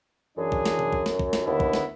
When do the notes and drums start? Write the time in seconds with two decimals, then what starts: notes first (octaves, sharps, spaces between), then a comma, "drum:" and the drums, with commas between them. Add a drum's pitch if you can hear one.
0.38 F#2 E3 D4 G#4
0.52 drum: kick
0.65 drum: snare
0.79 drum: tom
0.92 drum: kick
1.06 drum: snare
1.19 drum: kick
1.33 drum: snare
1.46 D#2 D3 B3 E4
1.60 drum: kick
1.73 drum: snare